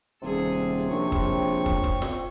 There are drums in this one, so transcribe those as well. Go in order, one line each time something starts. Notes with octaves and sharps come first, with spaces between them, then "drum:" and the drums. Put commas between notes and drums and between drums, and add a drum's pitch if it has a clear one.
D#1 C3 G#4 A4
A#1 C4 C#5 C#6
drum: kick
drum: kick
drum: kick
drum: snare